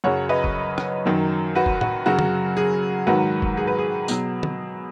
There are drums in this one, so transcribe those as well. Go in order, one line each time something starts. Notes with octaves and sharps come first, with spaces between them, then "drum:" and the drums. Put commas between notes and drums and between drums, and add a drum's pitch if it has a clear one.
F#2 C#3 F#3 C#5 F#5
B4 D#5
drum: kick
drum: rim click
F#2 D#3 F#3
F#4 B4
drum: kick
F#4, drum: tom A2
F#2 C#3 F#3 F#4
drum: tom
G#4
G#2 D#3 F#3 F#4 B4
drum: kick
G#4
B4
G#4
B2 F#3, drum: tambourine
drum: tom